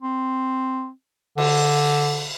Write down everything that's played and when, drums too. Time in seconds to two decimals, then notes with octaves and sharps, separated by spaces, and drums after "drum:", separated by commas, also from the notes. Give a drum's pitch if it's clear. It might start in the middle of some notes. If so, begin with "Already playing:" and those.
0.02 C4
1.38 D3, drum: cymbal